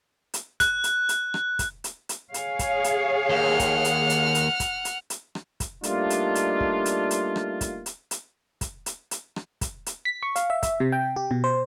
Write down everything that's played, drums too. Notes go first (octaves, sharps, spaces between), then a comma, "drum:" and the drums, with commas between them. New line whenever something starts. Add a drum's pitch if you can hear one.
drum: hi-hat
F#6, drum: kick, hi-hat
drum: hi-hat
drum: hi-hat
drum: rim click
drum: kick, hi-hat
drum: hi-hat
drum: hi-hat
G#4 C#5 F5, drum: hi-hat
drum: kick, hi-hat
drum: hi-hat
D#2 F#5 F6
drum: kick, hi-hat
drum: hi-hat
drum: hi-hat
drum: hi-hat
drum: kick, hi-hat
drum: hi-hat
drum: hi-hat
drum: rim click
drum: kick, hi-hat
G3 A3 A#3 D4 D#4 F4, drum: hi-hat
drum: hi-hat
drum: hi-hat
drum: kick
drum: hi-hat
drum: hi-hat
drum: rim click
drum: kick, hi-hat
drum: hi-hat
drum: hi-hat
drum: kick, hi-hat
drum: hi-hat
drum: hi-hat
drum: rim click
drum: kick, hi-hat
drum: hi-hat
B6
C#6
F5, drum: hi-hat
E5
E5, drum: kick, hi-hat
C3
G5
G4
B2
C5